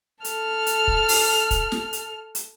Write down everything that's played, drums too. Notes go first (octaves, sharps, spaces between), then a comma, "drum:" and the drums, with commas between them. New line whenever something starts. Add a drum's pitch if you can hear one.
A4 F6, drum: hi-hat
drum: hi-hat
drum: kick
drum: open hi-hat
drum: kick, hi-hat
drum: snare
drum: hi-hat
drum: hi-hat